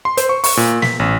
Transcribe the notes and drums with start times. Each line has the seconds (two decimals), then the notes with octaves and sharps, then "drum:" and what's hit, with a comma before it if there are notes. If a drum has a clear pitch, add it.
0.05 C6
0.17 C5, drum: hi-hat
0.29 C#6
0.44 C#6, drum: open hi-hat
0.57 A#2
0.82 B6, drum: snare
0.99 A1